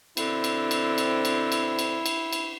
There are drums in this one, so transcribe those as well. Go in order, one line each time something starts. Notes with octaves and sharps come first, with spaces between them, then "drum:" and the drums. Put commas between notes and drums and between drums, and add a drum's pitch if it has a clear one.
B2 D3 C4 E4, drum: cymbal
drum: cymbal
drum: cymbal
drum: cymbal
drum: cymbal
drum: cymbal
drum: cymbal
drum: cymbal
drum: cymbal